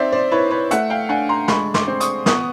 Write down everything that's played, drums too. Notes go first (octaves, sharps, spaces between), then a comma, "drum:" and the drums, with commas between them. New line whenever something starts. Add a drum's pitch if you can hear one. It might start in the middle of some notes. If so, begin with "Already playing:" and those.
Already playing: C4 D#4 D5 E5
C5 D5
E4 B4 C#5
B4 C#5
A3 E5 F#5, drum: hi-hat
F5 G5
D4 F#5 G#5
A#5 C6
G#3 B5 C#6, drum: snare
C6 D6, drum: snare
C4
C#6 D#6, drum: hi-hat
B3 C#6 D#6, drum: snare